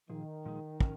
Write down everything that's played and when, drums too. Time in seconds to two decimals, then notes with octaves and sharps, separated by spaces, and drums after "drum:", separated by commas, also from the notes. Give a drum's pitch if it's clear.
0.09 A#2 D#3 F3 G#4
0.45 A#2 F3 G#3 D#4 G#4
0.80 C#4 A#4, drum: kick